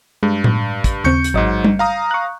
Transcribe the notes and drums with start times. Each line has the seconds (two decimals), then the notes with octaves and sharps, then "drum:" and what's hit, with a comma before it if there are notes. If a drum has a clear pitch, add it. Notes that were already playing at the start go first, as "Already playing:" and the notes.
0.23 G2 G#3
0.44 drum: tom A2
0.84 drum: kick, hi-hat
1.04 D#2 C#3 C4 C#6 G6 C#7
1.24 drum: hi-hat
1.34 A1 G#2 F#3 D#5
1.64 drum: tom G3
1.79 F5 A#5 D#6
2.11 C#6 F#6